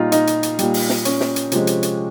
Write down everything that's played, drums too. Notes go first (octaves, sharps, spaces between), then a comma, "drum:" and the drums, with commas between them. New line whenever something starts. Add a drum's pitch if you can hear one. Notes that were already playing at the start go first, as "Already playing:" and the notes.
Already playing: A#2 G3 D#4 F4
D#4, drum: hi-hat
drum: hi-hat
drum: hi-hat
A#2 G3, drum: hi-hat
drum: open hi-hat
drum: snare
C#4, drum: hi-hat
drum: snare
drum: hi-hat
C3 F3 G#3, drum: hi-hat
drum: hi-hat
drum: hi-hat